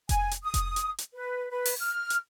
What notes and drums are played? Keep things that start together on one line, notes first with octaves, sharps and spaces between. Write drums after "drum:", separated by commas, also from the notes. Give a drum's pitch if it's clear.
G#5, drum: kick F1, hi-hat
drum: hi-hat
D#6
drum: kick F1, hi-hat
drum: hi-hat
drum: hi-hat
B4
B4
drum: open hi-hat
F6
drum: hi-hat